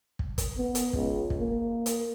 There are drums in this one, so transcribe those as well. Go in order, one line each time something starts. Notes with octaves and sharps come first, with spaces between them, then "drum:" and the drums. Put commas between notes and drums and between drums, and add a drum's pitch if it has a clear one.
drum: kick
drum: kick, hi-hat
B3
drum: hi-hat
C#2, drum: kick
drum: kick
A#3
drum: hi-hat